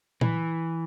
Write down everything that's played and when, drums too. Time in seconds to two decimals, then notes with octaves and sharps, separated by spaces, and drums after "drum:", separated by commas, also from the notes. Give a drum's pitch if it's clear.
0.21 E3, drum: tom A#2